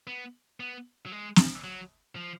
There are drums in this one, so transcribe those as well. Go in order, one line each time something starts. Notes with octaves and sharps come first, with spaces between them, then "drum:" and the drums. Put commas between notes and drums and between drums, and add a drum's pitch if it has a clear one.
B3
B3
F#3
G#3
drum: snare
F#3
F3